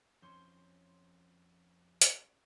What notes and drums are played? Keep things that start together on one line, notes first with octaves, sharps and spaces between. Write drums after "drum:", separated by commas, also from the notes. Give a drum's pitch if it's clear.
F2 C#4 C5 C6 C#6
drum: hi-hat